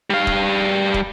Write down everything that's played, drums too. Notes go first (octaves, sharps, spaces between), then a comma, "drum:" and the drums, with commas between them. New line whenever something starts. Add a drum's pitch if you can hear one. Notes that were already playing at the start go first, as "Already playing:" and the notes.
G3 F5
drum: kick
drum: kick